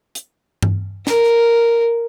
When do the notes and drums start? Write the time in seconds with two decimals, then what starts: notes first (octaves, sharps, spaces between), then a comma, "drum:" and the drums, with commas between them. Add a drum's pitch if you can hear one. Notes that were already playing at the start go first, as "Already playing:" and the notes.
0.15 drum: hi-hat
0.63 drum: tom G2
1.07 A#4, drum: snare